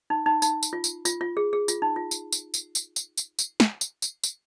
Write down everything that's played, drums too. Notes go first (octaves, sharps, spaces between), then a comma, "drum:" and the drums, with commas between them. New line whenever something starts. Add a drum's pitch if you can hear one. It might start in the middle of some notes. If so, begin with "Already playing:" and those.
D#4
D#4
D#4, drum: tambourine
drum: tambourine
F4
drum: tambourine
F4, drum: tambourine
F4
G#4
G#4
F4, drum: tambourine
D#4
F4
drum: tambourine
drum: tambourine
drum: tambourine
drum: tambourine
drum: tambourine
drum: tambourine
drum: tambourine
drum: snare
drum: tambourine
drum: tambourine
drum: tambourine